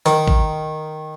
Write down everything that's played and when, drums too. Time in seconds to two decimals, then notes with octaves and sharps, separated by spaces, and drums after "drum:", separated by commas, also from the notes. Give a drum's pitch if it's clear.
0.06 D#3, drum: hi-hat
0.28 drum: kick